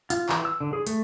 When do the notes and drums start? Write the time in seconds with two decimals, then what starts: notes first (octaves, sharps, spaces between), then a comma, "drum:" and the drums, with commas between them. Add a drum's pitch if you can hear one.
0.10 F4, drum: hi-hat
0.29 E3, drum: clap
0.45 E6
0.60 D3
0.73 G#4
0.87 A3, drum: hi-hat